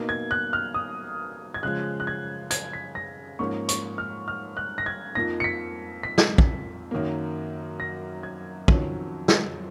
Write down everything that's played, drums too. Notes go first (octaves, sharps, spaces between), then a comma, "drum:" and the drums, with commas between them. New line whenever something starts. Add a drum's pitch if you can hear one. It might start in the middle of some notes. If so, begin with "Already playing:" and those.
Already playing: B2 A#3 D#4
G#6
F#6
F6
D#6
G#6
C#3 F3 G#3 F#6
F#6
G#6
G#6, drum: hi-hat
B6
A#6
G#2 F3 A#3 C#4 C#6
C#6, drum: hi-hat
F6
F6
F#6
A#6
G#6
F2 F3 A#3 D#4 A#6
C#7
B6
B6
drum: snare
drum: kick
F#2 D#3 F#3 A#3
A#6
G#6
F2 D#3 F#3 C#4, drum: kick
drum: snare